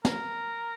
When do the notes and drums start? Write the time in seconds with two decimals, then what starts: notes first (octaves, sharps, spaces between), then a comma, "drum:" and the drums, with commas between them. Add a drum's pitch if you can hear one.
0.05 A#4, drum: snare